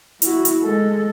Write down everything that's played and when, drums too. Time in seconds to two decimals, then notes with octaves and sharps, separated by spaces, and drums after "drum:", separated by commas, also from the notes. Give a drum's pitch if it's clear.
0.22 E4 F#4, drum: hi-hat
0.45 drum: hi-hat
0.63 G#3 A4